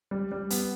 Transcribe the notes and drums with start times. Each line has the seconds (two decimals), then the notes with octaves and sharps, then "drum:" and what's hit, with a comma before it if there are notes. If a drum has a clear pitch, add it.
0.11 G3
0.32 G3
0.50 B3, drum: hi-hat